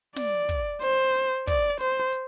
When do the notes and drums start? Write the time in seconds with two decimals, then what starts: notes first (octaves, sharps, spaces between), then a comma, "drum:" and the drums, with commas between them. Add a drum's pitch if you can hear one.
0.16 D5, drum: snare
0.49 drum: kick, hi-hat
0.82 C5, drum: hi-hat
1.14 drum: hi-hat
1.47 D5, drum: kick, hi-hat
1.80 C5, drum: hi-hat
2.12 drum: hi-hat